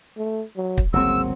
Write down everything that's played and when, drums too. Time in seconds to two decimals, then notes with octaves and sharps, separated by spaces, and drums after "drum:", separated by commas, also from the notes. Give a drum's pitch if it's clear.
0.17 A3
0.57 F#3
0.78 drum: kick
0.93 G1 C#2 C#3 F#3 A#3 C4 E6